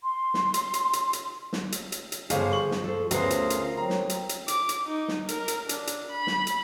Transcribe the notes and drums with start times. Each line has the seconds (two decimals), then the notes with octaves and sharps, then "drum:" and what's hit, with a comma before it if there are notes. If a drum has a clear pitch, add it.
0.03 C6
0.34 drum: snare
0.54 drum: hi-hat
0.74 drum: hi-hat
0.93 drum: hi-hat
1.13 drum: hi-hat
1.53 drum: snare
1.72 drum: hi-hat
1.92 drum: hi-hat
2.12 drum: hi-hat
2.30 G1 F3 G#4 C5 F5, drum: hi-hat
2.52 C#6 F#7
2.71 drum: snare
2.84 A4 C5
3.11 D2 B3 C#4 F4 G#4 A#4 C5 C7, drum: hi-hat
3.30 drum: hi-hat
3.50 drum: hi-hat
3.77 F#3 C4 A#5
3.90 drum: snare
4.10 drum: hi-hat
4.29 drum: hi-hat
4.48 D6, drum: hi-hat
4.69 drum: hi-hat
4.86 D#4
5.08 drum: snare
5.29 A#4, drum: hi-hat
5.48 drum: hi-hat
5.69 D4, drum: hi-hat
5.87 drum: hi-hat
6.10 B5
6.27 drum: snare
6.47 drum: hi-hat